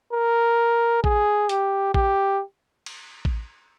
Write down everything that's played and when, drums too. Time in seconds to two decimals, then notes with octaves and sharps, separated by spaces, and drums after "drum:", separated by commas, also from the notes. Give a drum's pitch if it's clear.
0.13 A#4
1.04 G#4, drum: kick A1
1.49 G4, drum: hi-hat
1.94 G4, drum: kick A1
2.86 drum: cymbal
3.25 drum: kick A1